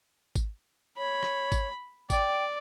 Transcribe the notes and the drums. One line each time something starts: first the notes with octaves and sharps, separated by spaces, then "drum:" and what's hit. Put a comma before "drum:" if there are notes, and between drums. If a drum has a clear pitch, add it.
drum: kick G#1, tambourine
C#5 B5
drum: rim click
drum: kick G#1, tambourine
D5 G5, drum: kick G#1, tambourine